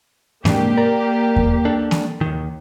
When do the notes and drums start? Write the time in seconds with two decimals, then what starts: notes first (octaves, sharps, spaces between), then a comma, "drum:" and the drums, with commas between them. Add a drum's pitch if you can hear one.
0.45 G#2 C3 A#3 D4 G4, drum: snare A#3
0.77 A#4 D5 A#5
1.36 drum: kick E2
1.65 D4 A4
1.91 drum: snare A#3
2.21 D#2 D#3